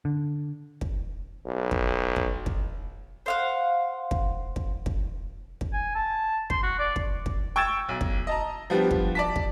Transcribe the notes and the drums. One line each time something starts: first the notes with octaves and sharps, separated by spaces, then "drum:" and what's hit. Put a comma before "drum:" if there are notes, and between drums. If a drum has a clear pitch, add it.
D3
drum: kick
B1
drum: kick
drum: kick
drum: kick
C5 F5 F#5
drum: kick
drum: kick
drum: kick
drum: kick
G#5
A5
C6, drum: kick
F#4
D5
drum: kick
drum: kick
G5 C#6 E6 G#6 A6 E7
B1
drum: kick
D#5 A5 A#5
F3 G3 B3 D4 F4 G4
drum: kick
D5 A5 B6
drum: kick